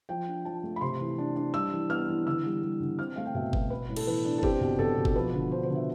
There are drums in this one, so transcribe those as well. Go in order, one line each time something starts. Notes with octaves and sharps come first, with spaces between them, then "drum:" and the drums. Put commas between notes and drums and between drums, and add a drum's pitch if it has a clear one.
F3 G5
D4
F3 A5
A3
B5
C3 C6
E3
D4
D4
G3 E6
E3
B3 F6
E3
D3 E6
G3
G3
D3
C4 F6
A3 F5
G5
B2 E5
B2, drum: kick F#1
B3 B4
A2
A4, drum: cymbal
E3 B4
D4
A4
C4 G4, drum: kick F#1
B2
B2 A4
B2
A4, drum: kick F#1
F3 B4
D3
D4 C5
C5
D3
E5